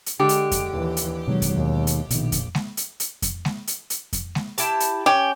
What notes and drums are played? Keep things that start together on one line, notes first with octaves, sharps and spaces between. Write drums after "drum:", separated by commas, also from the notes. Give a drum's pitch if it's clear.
drum: hi-hat
D3 G#3 G4
drum: hi-hat
drum: kick F2, hi-hat
D#2 E3
drum: hi-hat
B2 D#3 F#3 G#3
drum: kick F2, hi-hat
D#2
drum: hi-hat
A#1 B2 D#3, drum: hi-hat
drum: kick F2, hi-hat
drum: snare G#3
drum: hi-hat
drum: hi-hat
drum: kick F2, hi-hat
drum: snare G#3
drum: hi-hat
drum: hi-hat
drum: kick F2, hi-hat
drum: snare G#3
E4 G4 A5, drum: hi-hat
drum: hi-hat
C#4 G4